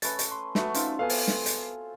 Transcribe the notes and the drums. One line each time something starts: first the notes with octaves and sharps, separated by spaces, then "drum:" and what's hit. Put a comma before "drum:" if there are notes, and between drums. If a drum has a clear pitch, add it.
A3 C#4 B4 A6, drum: hi-hat
drum: hi-hat
C6
A3 B3 F#4, drum: snare
C4 C#4 D#4 F4, drum: hi-hat
B3 A4 F5 G#5
drum: open hi-hat
drum: snare
drum: hi-hat